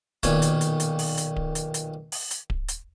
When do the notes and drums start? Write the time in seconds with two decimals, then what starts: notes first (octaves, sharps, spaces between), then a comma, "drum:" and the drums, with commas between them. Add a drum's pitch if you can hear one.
0.23 B1 A#2 D#3 C#5, drum: kick D1, hi-hat
0.42 drum: hi-hat
0.61 drum: hi-hat
0.80 drum: hi-hat
0.99 drum: open hi-hat
1.18 drum: hi-hat
1.36 drum: kick D1
1.55 drum: hi-hat
1.74 drum: hi-hat
2.12 drum: open hi-hat
2.31 drum: hi-hat
2.50 drum: kick D1
2.69 drum: hi-hat